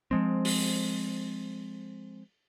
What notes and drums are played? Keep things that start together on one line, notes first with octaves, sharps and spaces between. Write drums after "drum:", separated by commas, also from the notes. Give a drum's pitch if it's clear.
F3 G#3 C4
drum: open hi-hat